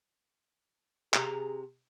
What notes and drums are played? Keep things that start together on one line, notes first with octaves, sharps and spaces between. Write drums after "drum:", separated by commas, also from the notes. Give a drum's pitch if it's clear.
C3 G#4 A#5, drum: clap